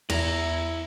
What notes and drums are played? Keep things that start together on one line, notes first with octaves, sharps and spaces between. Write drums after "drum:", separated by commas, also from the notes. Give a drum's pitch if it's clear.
E2 E4 E5 A#5, drum: cymbal